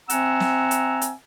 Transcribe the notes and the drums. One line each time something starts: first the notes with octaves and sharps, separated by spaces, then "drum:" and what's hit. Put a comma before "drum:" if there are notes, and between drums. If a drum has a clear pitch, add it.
C4 E5 F#5 G#5 A#5 E6, drum: hi-hat
drum: snare
drum: hi-hat
drum: hi-hat